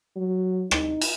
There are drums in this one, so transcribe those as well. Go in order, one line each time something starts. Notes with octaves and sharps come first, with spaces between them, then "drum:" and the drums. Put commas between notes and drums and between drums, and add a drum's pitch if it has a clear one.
F#3
D#4, drum: rim click
drum: cymbal